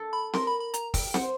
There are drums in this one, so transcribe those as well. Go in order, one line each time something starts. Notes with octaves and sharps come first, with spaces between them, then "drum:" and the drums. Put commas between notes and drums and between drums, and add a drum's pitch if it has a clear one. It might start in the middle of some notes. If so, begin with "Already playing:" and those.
Already playing: A4
B5
A#4 C6, drum: snare C4
B5
B5
A#5, drum: hi-hat
G5, drum: kick, open hi-hat
C5 F#5, drum: snare C4